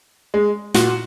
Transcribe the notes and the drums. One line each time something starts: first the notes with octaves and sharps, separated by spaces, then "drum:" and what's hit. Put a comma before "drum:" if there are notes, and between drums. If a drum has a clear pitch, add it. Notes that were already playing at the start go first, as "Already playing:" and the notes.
G#3
A#2 F#4, drum: snare